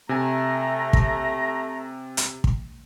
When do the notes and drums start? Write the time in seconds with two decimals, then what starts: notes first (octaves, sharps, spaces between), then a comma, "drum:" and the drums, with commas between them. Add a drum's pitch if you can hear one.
0.09 C3 A3 G#5 A#5
0.93 drum: kick
2.17 drum: hi-hat
2.44 drum: kick